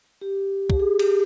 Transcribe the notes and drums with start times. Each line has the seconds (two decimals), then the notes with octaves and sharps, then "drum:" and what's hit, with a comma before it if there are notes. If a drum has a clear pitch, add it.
0.21 G4
0.70 G4, drum: kick
0.80 G#4
0.99 G4, drum: cymbal